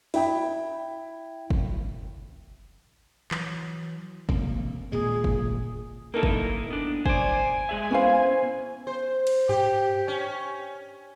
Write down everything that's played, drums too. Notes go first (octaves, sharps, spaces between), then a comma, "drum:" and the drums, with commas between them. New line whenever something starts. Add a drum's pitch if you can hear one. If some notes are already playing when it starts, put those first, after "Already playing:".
E4 G5 B5, drum: open hi-hat
drum: kick
E3 F#3, drum: clap
E1 C3 A#3, drum: kick
D#1 A#2 G#3 G#4
drum: kick
A#3 D#4 E4 A4 A#4
drum: kick
B3 D4
C5 D5 G#5, drum: kick
G#3 G#4 E5
B3 C#4 E4 C5 F5
C5
drum: cymbal
G4, drum: tom G2
C#4